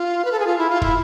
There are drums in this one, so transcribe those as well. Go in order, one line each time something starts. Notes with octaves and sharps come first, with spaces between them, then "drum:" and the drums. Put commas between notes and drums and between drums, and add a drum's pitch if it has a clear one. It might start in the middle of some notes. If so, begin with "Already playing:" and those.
Already playing: F4
B4
A4
G#4
F4
E4
F4
E4, drum: kick